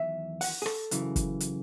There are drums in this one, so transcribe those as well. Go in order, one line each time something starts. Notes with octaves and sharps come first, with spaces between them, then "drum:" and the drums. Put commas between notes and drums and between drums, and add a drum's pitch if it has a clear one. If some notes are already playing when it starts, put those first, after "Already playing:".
Already playing: E2 D#3 F#3 E5
F#5, drum: open hi-hat
G#4
A4, drum: rim click
F#2 C#3 E3, drum: hi-hat
drum: kick, hi-hat
drum: hi-hat